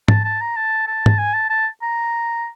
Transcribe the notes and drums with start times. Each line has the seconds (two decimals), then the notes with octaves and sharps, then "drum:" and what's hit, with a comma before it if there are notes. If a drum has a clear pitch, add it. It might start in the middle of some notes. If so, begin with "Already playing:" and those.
0.08 A5, drum: tom G#2
0.24 A5
0.41 A#5
0.56 A5
0.87 A5
1.06 drum: tom
1.18 G#5
1.34 A5
1.50 A5
1.82 A#5